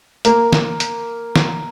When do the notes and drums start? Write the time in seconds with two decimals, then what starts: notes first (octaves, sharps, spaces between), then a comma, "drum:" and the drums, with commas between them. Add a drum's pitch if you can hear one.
0.25 A#3, drum: hi-hat
0.53 drum: snare
0.80 drum: hi-hat
1.36 drum: snare